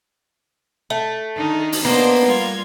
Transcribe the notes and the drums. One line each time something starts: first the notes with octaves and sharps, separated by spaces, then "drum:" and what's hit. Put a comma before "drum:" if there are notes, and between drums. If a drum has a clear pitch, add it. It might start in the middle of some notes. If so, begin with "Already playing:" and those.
A3
D#3 D4 D#4
drum: open hi-hat
A#3 B3 D4 C5 D#5
G3 F4 G#6